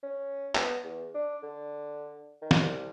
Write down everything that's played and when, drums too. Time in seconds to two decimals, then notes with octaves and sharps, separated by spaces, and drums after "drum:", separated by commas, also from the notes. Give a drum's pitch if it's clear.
0.03 C#4
0.55 B3, drum: clap
0.84 E2
1.14 D4
1.43 D3
2.42 D#3
2.51 drum: snare
2.60 C2